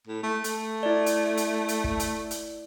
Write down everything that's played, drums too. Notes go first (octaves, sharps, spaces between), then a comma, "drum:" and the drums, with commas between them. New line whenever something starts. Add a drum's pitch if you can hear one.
A2
A3
A3, drum: hi-hat
E4 D5
drum: hi-hat
drum: hi-hat
drum: hi-hat
drum: kick
drum: hi-hat
drum: hi-hat